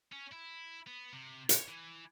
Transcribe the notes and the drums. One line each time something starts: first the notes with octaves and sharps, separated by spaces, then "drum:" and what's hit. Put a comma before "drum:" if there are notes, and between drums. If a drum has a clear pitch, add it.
C#4
E4
B3
C3
C#5, drum: hi-hat
E3